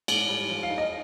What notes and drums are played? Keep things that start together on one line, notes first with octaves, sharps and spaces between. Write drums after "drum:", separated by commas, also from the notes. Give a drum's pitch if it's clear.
G#2, drum: cymbal
G3
F3
F5
D#4
D#5